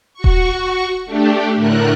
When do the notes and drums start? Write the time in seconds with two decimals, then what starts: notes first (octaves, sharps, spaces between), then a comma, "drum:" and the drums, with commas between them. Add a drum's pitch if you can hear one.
0.14 F#4 C#6
0.24 drum: kick D#1
1.06 A3 D4 G4
1.55 A2 D3 A3 A#4 F#6